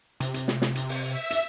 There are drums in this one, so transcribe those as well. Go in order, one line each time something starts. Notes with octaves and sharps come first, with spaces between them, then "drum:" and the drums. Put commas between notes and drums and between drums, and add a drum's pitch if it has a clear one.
C3, drum: hi-hat
drum: hi-hat
drum: snare
drum: snare
drum: hi-hat
drum: open hi-hat
E5
drum: hi-hat